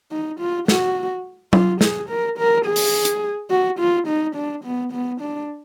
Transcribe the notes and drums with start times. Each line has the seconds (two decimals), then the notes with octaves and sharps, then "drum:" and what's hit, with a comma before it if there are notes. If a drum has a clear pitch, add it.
0.12 D#4
0.40 F4
0.68 F#4, drum: snare
1.53 F4, drum: tom F#3
1.81 G#4, drum: snare
2.09 A#4
2.38 A#4
2.65 G#4
2.76 drum: open hi-hat
3.05 drum: hi-hat
3.51 F#4
3.79 F4
4.07 D#4
4.35 D4
4.64 B3
4.92 B3
5.21 D4